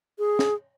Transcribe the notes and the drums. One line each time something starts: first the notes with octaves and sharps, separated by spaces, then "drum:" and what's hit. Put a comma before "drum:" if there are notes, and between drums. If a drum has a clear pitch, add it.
G#4
drum: snare